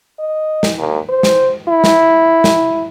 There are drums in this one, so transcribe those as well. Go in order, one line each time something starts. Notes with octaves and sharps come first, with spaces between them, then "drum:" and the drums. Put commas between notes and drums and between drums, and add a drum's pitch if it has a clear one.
D#5
drum: snare
D#2
C5
drum: snare
E4
drum: snare
drum: snare